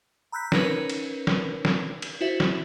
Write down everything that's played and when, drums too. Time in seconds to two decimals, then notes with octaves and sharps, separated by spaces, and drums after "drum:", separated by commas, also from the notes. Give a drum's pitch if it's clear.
0.32 A#5 B5 E6 F#6 G6 B6
0.52 C#4 D#4 A#4 B4 C#5, drum: snare
0.90 drum: cymbal
1.27 drum: snare
1.65 drum: snare
2.02 drum: cymbal
2.21 E4 F#4 C5 E5
2.40 drum: snare